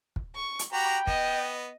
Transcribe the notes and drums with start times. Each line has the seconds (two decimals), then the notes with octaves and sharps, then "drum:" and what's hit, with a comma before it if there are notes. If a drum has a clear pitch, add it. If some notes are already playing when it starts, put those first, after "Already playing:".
0.16 drum: kick
0.35 C#6
0.59 drum: hi-hat
0.73 F#4 G4 G5 A#5 B5
1.07 B3 D#5, drum: kick